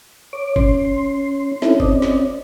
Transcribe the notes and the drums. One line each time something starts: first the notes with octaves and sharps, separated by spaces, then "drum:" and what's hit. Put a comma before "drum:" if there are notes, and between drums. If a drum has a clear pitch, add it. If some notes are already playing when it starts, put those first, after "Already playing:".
C#5 D6
C#4 C6, drum: kick F#1
C4 C#4 D#4 E4 A4, drum: snare
C4 C#4 D5 D#5, drum: kick F#1
drum: snare